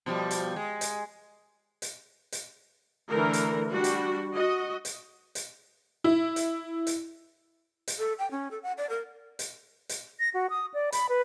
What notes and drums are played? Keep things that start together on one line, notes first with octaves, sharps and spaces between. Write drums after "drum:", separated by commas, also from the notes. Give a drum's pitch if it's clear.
B2 F3 G3
drum: hi-hat
G#3
drum: hi-hat
drum: hi-hat
drum: hi-hat
D3 E3 A3 A#4
drum: hi-hat
G3 D4 F#4
drum: hi-hat
F#4 D#5
drum: hi-hat
drum: hi-hat
E4
drum: hi-hat
drum: hi-hat
drum: hi-hat
A4
G5
C#4
A4
F#5
D5
A#4
drum: hi-hat
drum: hi-hat
A#6
F#4
D#6
D5
B5, drum: hi-hat
B4